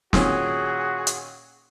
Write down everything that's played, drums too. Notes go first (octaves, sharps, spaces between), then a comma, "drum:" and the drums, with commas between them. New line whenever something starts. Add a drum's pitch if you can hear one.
A#2 D#3 C#4 F#4 G#4, drum: snare
drum: hi-hat